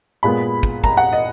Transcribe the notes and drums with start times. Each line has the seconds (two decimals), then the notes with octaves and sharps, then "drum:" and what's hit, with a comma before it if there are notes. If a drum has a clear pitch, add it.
0.23 A#2 G#3 B3 B5
0.63 drum: kick
0.84 A#5, drum: kick
0.97 F#5
1.13 D#5